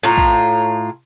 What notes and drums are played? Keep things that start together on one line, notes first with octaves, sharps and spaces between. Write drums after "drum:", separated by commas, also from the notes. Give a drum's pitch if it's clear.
A2 F4 A#5
drum: kick A#1